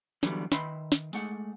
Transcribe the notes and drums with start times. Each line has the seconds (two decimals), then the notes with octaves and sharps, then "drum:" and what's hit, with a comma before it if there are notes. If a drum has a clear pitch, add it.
0.23 D3 E3 F#3 G3 B3 B4, drum: snare
0.52 D#3 B4 E5 B5 C6, drum: snare
0.92 drum: snare
1.13 G#3 A3 F#5, drum: open hi-hat